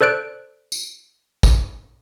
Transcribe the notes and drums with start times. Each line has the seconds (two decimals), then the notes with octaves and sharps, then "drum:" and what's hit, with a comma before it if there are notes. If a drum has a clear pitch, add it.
0.01 A4 C5 D5 F#6 D7
0.72 drum: tambourine
1.43 drum: kick, tambourine